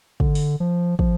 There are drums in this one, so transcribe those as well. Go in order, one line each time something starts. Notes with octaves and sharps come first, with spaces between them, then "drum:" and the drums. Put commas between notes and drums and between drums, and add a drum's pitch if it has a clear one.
D3, drum: kick
drum: open hi-hat
F3
F3, drum: kick